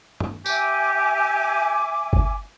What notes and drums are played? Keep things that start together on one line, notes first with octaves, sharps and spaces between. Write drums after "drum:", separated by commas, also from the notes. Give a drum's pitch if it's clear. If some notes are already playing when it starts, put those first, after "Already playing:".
drum: tom G2
G4 E5 G#5 D6, drum: tambourine
drum: kick F#1